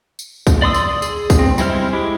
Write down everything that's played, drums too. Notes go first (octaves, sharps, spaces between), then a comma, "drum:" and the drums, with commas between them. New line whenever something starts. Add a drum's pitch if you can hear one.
drum: tambourine
drum: kick, tambourine
D5 C6 D#6 E6
drum: tambourine
G#4, drum: tambourine
drum: kick, tambourine
C4
G3 G#3 E4 C5 F6, drum: tambourine
G#3 E4 G4